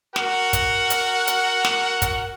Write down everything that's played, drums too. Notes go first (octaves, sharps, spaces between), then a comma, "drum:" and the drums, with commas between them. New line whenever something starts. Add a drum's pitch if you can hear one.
F#4 A#4 F#5, drum: snare
drum: kick, hi-hat
drum: hi-hat
drum: hi-hat
drum: snare
drum: kick, hi-hat